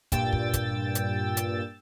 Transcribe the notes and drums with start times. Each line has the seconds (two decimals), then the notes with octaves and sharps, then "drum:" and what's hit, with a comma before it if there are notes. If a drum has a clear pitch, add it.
0.12 G2 A#2 G5 E6 A6, drum: kick, hi-hat
0.33 drum: kick
0.53 drum: kick, hi-hat
0.95 drum: hi-hat
1.37 drum: hi-hat